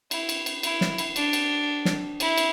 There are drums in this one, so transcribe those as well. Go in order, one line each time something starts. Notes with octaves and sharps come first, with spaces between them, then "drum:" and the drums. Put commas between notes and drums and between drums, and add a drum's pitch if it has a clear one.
E4, drum: cymbal
drum: cymbal
drum: cymbal
E4, drum: cymbal
drum: snare
drum: cymbal
D4, drum: cymbal
drum: cymbal
drum: snare
E4, drum: cymbal
drum: cymbal